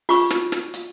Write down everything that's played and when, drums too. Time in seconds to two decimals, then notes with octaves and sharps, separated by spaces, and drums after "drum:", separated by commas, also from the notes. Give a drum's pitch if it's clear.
0.09 F4 C#6, drum: open hi-hat
0.30 drum: snare
0.52 drum: snare
0.74 drum: hi-hat